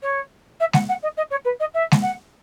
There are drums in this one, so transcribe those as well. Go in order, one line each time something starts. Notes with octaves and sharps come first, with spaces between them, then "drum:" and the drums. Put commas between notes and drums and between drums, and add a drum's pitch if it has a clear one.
C#5
E5
F#5, drum: snare G#3
F#5
D#5
D#5
C#5
B4
D#5
E5
drum: snare G#3
F#5